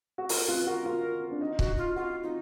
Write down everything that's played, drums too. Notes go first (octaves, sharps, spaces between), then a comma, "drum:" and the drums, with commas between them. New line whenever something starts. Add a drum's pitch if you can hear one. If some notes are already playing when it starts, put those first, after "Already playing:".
F#4
F4 A#4, drum: open hi-hat
F4 B4
F#4 A#4
F4
D4
D#4
F#4, drum: kick
F4
F4 F#4
D#4 F4